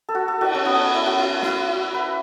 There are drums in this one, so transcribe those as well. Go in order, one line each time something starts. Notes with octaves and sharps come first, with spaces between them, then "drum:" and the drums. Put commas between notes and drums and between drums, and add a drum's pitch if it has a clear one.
A4
F#4
A4
F#4, drum: cymbal
C#4
B3
C#4
E4
F#4
E4
F#4
E4, drum: snare
F#4
B4